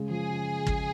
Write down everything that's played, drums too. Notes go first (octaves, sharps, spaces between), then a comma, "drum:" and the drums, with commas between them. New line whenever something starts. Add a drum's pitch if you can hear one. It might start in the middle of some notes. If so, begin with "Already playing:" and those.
Already playing: C#3 G#3
F3 G#4
C#3
drum: kick